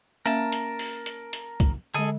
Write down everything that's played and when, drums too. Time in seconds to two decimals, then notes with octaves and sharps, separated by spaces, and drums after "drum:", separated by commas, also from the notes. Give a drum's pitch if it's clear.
0.26 A#3 C#4 A#4 E5 A5, drum: hi-hat
0.52 drum: hi-hat
0.79 drum: open hi-hat
1.06 drum: hi-hat
1.33 drum: hi-hat
1.60 drum: kick C2, hi-hat
1.94 D3 G#3 G#4 A4 D#5